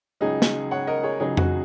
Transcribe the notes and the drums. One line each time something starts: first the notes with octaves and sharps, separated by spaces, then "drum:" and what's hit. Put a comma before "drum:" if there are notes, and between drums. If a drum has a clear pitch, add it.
C#2 C#3 F#3 D#4 G#4
drum: snare
C#5 F#5
A#4 D#5
G#4 C#5
C#2 C#3 F#3 D#4 G#4
F#4, drum: tom F2